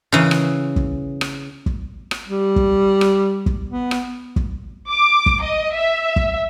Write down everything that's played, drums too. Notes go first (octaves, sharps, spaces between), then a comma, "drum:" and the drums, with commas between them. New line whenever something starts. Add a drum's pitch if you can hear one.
C#3 E3
drum: rim click
drum: kick
drum: rim click
drum: kick
drum: rim click
G3
drum: kick
drum: rim click
drum: kick
B3
drum: rim click
drum: kick
D6
drum: kick
D#5
E5
drum: kick